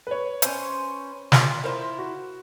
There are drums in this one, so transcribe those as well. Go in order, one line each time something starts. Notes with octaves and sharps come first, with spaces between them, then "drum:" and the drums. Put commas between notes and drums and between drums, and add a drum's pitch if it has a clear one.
B4 C#5
C#4 C5, drum: hi-hat
F4, drum: snare
E4 F4 A#4 C5
F#4